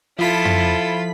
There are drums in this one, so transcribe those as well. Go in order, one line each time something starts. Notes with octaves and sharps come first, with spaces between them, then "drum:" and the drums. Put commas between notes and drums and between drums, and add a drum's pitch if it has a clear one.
F3 E4 F4 A4 B5 B6
drum: tom